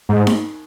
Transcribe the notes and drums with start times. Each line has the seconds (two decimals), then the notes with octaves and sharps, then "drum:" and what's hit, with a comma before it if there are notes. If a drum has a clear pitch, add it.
0.09 G#2
0.27 drum: snare D#4